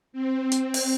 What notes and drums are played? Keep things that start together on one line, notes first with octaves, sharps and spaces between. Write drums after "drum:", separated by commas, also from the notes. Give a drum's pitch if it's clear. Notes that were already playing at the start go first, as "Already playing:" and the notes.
C4
drum: hi-hat
drum: open hi-hat